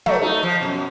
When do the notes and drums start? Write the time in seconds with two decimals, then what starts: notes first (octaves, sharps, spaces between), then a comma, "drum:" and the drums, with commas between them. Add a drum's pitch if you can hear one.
0.06 F#3 A3, drum: tom
0.22 A3 D#4
0.43 F3
0.61 F#2 B2